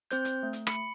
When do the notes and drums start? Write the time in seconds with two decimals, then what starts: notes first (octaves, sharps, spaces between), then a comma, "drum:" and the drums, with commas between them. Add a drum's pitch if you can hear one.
0.11 C4 C5 G6, drum: hi-hat
0.25 drum: hi-hat
0.43 A3
0.53 drum: hi-hat
0.67 B5 C#7, drum: rim click